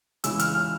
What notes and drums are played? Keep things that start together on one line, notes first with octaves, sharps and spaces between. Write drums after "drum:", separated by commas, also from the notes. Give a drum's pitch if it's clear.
C#3 E3 G#3 E6, drum: hi-hat
F6, drum: hi-hat
F6